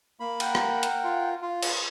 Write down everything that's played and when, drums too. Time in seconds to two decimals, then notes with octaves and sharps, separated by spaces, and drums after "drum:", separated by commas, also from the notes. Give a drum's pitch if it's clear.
0.20 A#3 B5
0.40 A#4 F#5 G5, drum: cymbal
0.55 drum: rim click
0.83 drum: hi-hat
1.04 F4
1.42 F4
1.63 C#5 F#6, drum: cymbal